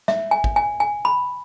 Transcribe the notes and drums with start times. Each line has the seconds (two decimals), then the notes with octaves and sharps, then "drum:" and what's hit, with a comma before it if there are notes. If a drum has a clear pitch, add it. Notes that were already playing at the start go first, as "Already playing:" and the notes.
0.08 E5, drum: snare
0.31 G#5
0.44 drum: kick G#1
0.56 G#5
0.80 G#5
1.05 B5